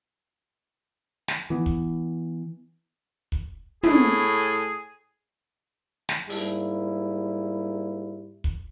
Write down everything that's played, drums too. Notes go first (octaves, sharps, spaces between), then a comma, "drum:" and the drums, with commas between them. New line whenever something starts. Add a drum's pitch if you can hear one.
drum: snare
E3 B3
drum: kick
drum: kick
A2 G#4, drum: tom
drum: snare
G#2 G3 A#3 E4, drum: open hi-hat
drum: kick